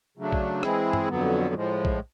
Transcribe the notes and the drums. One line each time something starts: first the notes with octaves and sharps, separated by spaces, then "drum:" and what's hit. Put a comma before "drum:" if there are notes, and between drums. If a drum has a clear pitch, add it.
C#3 F#3 A3 D4
drum: kick A#1
E3 G#3 C4 E4 G#4, drum: rim click
drum: tom G2
F2 D3 F#3 B3
A2 F3 G#3
drum: kick A#1